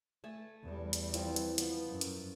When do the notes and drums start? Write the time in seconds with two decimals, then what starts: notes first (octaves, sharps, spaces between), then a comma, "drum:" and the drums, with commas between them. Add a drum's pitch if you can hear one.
0.24 A3 G#5 A5
0.63 E2 G3
0.93 drum: hi-hat
1.14 E3 F3 C4, drum: hi-hat
1.36 drum: hi-hat
1.58 F3 B3, drum: hi-hat
1.88 F#2
2.01 drum: hi-hat